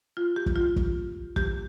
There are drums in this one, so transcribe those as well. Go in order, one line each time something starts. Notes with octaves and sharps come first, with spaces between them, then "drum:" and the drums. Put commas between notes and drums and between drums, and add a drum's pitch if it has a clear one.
F4
G4
drum: kick
F4
drum: kick
G4, drum: kick